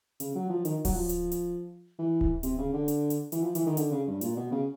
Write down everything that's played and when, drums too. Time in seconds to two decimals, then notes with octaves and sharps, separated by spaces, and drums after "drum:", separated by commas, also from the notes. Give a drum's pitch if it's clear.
0.20 C#3, drum: hi-hat
0.35 F#3
0.49 F3
0.65 D#3, drum: hi-hat
0.85 F#3, drum: kick D1, open hi-hat
0.95 F3
1.09 drum: hi-hat
1.32 drum: hi-hat
1.99 E3
2.21 drum: kick D1
2.43 C3, drum: hi-hat
2.58 C#3
2.73 D3
2.88 drum: hi-hat
3.10 drum: hi-hat
3.32 E3, drum: hi-hat
3.43 F3
3.55 E3, drum: hi-hat
3.67 D#3
3.77 D3, drum: hi-hat
3.91 C#3
4.07 G2
4.21 A#2, drum: hi-hat
4.36 B2
4.52 C#3